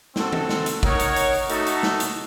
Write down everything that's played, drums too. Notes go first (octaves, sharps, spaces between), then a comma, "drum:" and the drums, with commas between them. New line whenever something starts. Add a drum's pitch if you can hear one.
C4 F#4 A4, drum: snare
drum: tom D#3
drum: snare
drum: hi-hat
D#4 A#4 C#5 F#5, drum: kick
drum: hi-hat
drum: hi-hat
drum: open hi-hat
A3 D#4 F#4 A4, drum: hi-hat
drum: hi-hat
drum: snare
drum: hi-hat